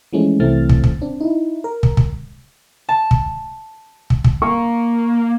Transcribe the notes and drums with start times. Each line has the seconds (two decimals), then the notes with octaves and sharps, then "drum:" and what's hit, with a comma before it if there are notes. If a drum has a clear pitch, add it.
0.13 E3 F3 G#3 A3 C#4
0.40 C2 E3 A3 C4 F6 A6
0.69 drum: kick
0.84 drum: kick
1.01 C4 D4
1.20 D#4 E4
1.64 A#4
1.83 drum: kick
1.97 drum: kick
2.89 A5
3.11 drum: kick
4.10 drum: kick
4.24 drum: kick
4.42 A#3 C#6